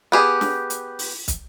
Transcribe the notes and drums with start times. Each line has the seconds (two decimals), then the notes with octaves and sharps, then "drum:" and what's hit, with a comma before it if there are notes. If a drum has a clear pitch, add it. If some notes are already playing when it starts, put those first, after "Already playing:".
0.12 B3 G4 G#4
0.41 drum: snare
0.70 drum: hi-hat
0.99 drum: open hi-hat
1.28 drum: kick, hi-hat